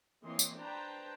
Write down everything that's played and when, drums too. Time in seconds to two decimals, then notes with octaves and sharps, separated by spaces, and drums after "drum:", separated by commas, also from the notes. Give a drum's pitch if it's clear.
0.23 E3 A#3 C4 C#5 D#5 C6
0.39 drum: tambourine
0.58 D4 B4 C5 G5 A5 A#5